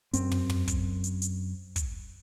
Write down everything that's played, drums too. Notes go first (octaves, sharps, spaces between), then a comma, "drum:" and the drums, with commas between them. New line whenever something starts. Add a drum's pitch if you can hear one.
F#2 C4, drum: hi-hat
drum: tom
drum: tom
drum: kick, hi-hat
drum: hi-hat
drum: hi-hat
drum: kick, hi-hat